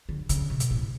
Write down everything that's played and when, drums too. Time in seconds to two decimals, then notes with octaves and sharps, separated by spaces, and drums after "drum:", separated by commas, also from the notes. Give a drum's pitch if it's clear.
0.09 D3
0.29 C#3, drum: hi-hat
0.50 B2
0.60 drum: hi-hat
0.71 A2